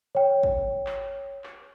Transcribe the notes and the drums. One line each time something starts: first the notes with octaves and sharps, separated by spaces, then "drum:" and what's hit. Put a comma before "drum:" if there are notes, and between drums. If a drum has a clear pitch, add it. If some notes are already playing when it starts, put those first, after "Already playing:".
C#5 G5
drum: kick
drum: clap
drum: clap